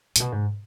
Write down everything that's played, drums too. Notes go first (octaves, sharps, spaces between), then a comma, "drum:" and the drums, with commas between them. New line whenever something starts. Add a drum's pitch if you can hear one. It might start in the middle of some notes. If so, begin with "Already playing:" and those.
A2, drum: hi-hat
B2
G#2